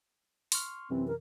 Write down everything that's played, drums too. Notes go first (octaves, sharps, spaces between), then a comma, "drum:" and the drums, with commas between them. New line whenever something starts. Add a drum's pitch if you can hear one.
C6 C#6 F6, drum: open hi-hat
F#2 C3 E3 C4
A#4